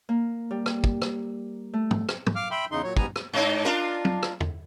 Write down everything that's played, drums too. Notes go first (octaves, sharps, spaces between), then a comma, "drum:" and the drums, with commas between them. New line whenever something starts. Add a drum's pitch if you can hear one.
A#3
G3
drum: rim click
drum: kick
drum: rim click
A3
drum: tom
drum: rim click
drum: tom
F5 D6 F6
E5 G5 B5 C6
E2 C#3 D#4 C6
A#2 F#3 C#5
G#2 G3 B3 G#5 A#5, drum: kick
drum: rim click
G#2 D#4
D4 F4 A#4
drum: tom
drum: rim click
drum: tom